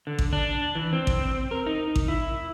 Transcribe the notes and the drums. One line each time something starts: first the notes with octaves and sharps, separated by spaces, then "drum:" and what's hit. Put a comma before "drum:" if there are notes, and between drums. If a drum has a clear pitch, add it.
D3
drum: kick A1
D4
E3
C4
drum: kick A1
A#4
D#4
drum: kick A1
E4